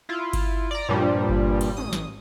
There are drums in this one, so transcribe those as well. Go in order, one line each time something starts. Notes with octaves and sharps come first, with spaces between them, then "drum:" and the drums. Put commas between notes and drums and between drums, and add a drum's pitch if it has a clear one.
E4 F4
drum: kick G1, cymbal
D5 A#5
G2 A#2 F3 G3
drum: kick G1
drum: cymbal
A1 D#6
drum: snare